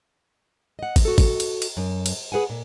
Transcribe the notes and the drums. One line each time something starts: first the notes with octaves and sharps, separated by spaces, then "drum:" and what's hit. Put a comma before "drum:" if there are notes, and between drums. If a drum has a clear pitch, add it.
D#5 F#5
drum: kick, cymbal
F#4 A4
drum: kick, cymbal
drum: cymbal
drum: cymbal
F#2
drum: cymbal
G#4 B4 F#5 G#5
A#2